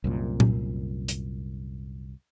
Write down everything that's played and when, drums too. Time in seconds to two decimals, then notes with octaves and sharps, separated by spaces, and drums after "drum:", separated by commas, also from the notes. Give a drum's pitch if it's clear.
0.04 C2 F#2 A#2
0.40 drum: tom A#2
1.08 drum: hi-hat